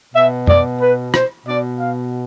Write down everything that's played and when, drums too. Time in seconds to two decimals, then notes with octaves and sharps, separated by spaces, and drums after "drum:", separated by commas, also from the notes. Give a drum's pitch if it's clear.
0.14 B2 E5
0.47 D5, drum: tom
0.80 B4
1.14 C5, drum: rim click
1.46 B2 D5
1.80 F5